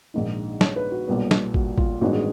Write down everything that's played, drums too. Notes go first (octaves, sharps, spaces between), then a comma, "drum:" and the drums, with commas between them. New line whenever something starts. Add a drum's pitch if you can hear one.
A#1 G#2 D#3
C#5, drum: snare
B4
F#4
B1 A#2 G3 B3
drum: snare
F#4, drum: kick G#1
F4, drum: kick G#1
A1 G2 D#3 G#3 B3 F#4
G#4